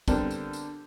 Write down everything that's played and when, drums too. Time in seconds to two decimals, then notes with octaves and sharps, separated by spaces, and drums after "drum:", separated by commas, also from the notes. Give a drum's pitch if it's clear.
0.08 D3 G3 B3 C4 D4 A#4, drum: kick, tambourine
0.30 drum: tambourine
0.53 drum: tambourine